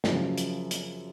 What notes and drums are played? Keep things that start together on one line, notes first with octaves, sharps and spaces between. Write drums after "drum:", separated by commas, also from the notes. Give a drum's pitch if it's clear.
F#2 C#3 F3, drum: snare
drum: hi-hat
drum: hi-hat